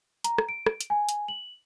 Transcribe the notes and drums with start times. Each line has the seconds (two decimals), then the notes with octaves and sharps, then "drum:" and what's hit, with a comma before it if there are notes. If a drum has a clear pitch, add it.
0.24 A#5, drum: hi-hat
0.38 drum: rim click
0.49 D7
0.66 drum: rim click
0.81 drum: hi-hat
0.90 G#5
1.09 drum: hi-hat
1.28 F#7